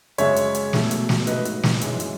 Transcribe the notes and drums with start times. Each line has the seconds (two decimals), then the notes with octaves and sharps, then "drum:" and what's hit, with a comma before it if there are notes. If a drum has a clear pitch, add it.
0.18 F#2 C#3 G#3 C#5 E5, drum: hi-hat
0.36 drum: hi-hat
0.55 drum: hi-hat
0.73 B2 F#3 A3, drum: snare
0.91 drum: hi-hat
1.09 drum: snare
1.27 G#2 F#3 A3 B4 D#5, drum: hi-hat
1.45 drum: hi-hat
1.63 drum: snare
1.81 F#2 E3 G#3, drum: hi-hat
2.00 drum: hi-hat